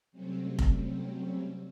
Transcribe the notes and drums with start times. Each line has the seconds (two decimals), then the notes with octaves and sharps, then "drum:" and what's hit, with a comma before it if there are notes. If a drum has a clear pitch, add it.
0.12 C3 F#3 G3 A3 C4 C#4
0.59 drum: kick F1